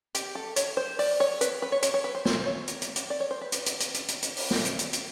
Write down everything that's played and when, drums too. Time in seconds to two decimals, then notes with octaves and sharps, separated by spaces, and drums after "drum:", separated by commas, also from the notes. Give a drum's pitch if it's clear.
0.15 G4, drum: hi-hat
0.35 A4
0.56 C#5, drum: hi-hat
0.77 C5
0.99 D5, drum: open hi-hat
1.20 C#5
1.41 B4, drum: hi-hat
1.62 B4
1.72 C#5
1.83 C#5, drum: hi-hat
1.94 C#5
2.04 B4
2.15 C5
2.25 C5, drum: snare
2.46 C#5
2.68 drum: hi-hat
2.82 drum: hi-hat
2.96 drum: hi-hat
3.10 D5
3.20 C#5
3.31 C5
3.41 B4
3.52 drum: hi-hat
3.66 drum: hi-hat
3.80 drum: hi-hat
3.94 drum: hi-hat
4.08 drum: hi-hat
4.22 drum: hi-hat
4.37 drum: open hi-hat
4.51 drum: snare
4.65 drum: hi-hat
4.79 drum: hi-hat
4.93 drum: hi-hat